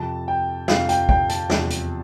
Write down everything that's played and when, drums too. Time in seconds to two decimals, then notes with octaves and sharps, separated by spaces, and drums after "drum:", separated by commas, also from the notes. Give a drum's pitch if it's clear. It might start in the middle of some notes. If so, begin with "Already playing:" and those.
Already playing: F2 C3 F3 A5
0.28 G5
0.68 F2 C3 F3 F5, drum: snare
0.89 G5, drum: hi-hat
1.09 G5, drum: kick
1.29 A5, drum: hi-hat
1.50 E2 C3 F3, drum: snare
1.70 drum: hi-hat